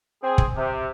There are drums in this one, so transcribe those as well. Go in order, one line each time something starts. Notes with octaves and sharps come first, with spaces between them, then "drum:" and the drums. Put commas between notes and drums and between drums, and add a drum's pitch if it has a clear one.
C4 G#4
drum: kick
C3